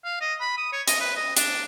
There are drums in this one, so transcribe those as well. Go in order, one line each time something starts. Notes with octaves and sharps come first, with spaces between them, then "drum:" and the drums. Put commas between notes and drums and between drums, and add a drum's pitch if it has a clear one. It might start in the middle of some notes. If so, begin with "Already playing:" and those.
F5
D#5
B5
D#6
C#5
D#5, drum: hi-hat
B4
D#5
D4, drum: hi-hat